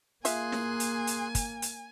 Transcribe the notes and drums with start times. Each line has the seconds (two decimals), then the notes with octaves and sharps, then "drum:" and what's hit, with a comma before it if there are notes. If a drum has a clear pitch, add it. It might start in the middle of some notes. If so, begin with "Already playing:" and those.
0.25 A#3 F4 G#4 E5 F5 G#5 C6 F#6, drum: hi-hat
0.52 drum: snare
0.80 drum: hi-hat
1.07 drum: hi-hat
1.35 drum: kick, hi-hat
1.62 drum: hi-hat